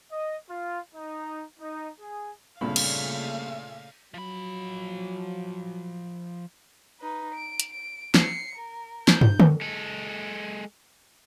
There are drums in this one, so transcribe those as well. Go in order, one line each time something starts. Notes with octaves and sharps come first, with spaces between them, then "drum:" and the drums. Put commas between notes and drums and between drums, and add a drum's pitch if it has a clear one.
D#5
F4
D#4
D#4
G#4
C2 G2 A#2 C#3 A3 F5 B5
drum: cymbal
F3 F#3 B5
D#4 B4
D7
drum: hi-hat
D7
C7 C#7, drum: snare
A#4
G6, drum: snare
drum: tom
drum: tom D3
G#3 A4